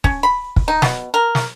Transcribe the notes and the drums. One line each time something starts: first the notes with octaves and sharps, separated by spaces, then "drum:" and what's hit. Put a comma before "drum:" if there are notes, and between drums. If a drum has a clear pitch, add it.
C#4, drum: kick
B5
drum: kick
D#4
B2, drum: snare
A#4
drum: snare